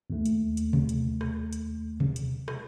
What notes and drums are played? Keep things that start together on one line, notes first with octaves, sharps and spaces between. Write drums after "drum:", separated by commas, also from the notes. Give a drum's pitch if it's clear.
D#2 A3
drum: hi-hat
drum: hi-hat
drum: tom B2
drum: hi-hat
drum: rim click
drum: hi-hat
drum: tom B2
drum: hi-hat
drum: rim click